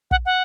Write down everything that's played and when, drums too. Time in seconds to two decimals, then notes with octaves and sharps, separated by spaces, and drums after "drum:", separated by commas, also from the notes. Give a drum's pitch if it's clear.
0.11 F#5, drum: kick
0.26 F#5